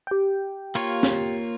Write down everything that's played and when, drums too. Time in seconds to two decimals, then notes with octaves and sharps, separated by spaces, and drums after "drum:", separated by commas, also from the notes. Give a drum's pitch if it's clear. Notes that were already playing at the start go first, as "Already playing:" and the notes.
0.07 G4 G5
0.75 A#3 F4 C#5, drum: cymbal
1.03 drum: snare